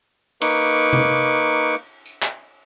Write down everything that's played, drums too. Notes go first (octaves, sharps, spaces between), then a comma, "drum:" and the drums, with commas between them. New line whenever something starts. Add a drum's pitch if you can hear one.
A#3 D#4 B4 C#6 D6, drum: cymbal
drum: tom C3
drum: tambourine
drum: clap